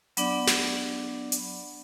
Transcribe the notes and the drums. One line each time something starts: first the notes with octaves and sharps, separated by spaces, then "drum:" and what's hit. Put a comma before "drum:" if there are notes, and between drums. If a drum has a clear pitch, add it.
F#3 B3 D4 D5 B5, drum: hi-hat
drum: snare
drum: hi-hat